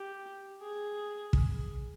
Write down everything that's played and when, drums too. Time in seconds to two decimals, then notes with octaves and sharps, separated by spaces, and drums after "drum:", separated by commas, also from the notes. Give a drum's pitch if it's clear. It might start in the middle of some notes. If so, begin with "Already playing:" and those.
Already playing: G4
0.62 G#4
1.33 drum: kick